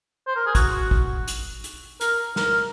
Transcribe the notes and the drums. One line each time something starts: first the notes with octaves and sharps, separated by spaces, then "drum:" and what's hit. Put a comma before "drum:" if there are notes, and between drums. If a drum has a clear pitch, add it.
C5
A#4
G#4
F#4, drum: kick, hi-hat
drum: kick
drum: hi-hat
drum: hi-hat
A#4, drum: hi-hat
A#4, drum: snare